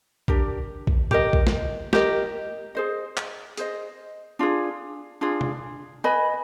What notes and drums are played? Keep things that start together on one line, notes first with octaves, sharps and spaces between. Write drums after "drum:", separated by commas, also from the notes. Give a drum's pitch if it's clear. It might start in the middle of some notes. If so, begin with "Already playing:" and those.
D4 G4 A#4, drum: kick
drum: kick
G4 A#4 D#5, drum: tom A2
drum: kick
drum: snare
G4 A#4 D#5, drum: snare
G#4 C5 D#5
drum: clap
G#4 C5 D#5, drum: hi-hat
D4 F4 G#4
D4 F4 G#4
drum: tom C3
B4 D#5 G#5 B5